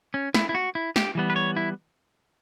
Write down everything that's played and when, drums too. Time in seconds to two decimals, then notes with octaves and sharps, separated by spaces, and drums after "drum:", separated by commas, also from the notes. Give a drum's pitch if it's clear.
0.14 C#4
0.34 E4, drum: snare
0.49 E4
0.55 F#4
0.75 E4
0.96 G4, drum: snare
1.15 E3 G3 B3
1.30 B4
1.36 C#5
1.57 E4